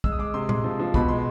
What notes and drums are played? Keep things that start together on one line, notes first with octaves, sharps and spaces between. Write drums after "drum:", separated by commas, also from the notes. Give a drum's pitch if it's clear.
G#3 E6, drum: kick
D#6
G#3 D6
C3 C6
G#3, drum: tom A#2
F3
F3
B2 B5, drum: kick
G#3 C6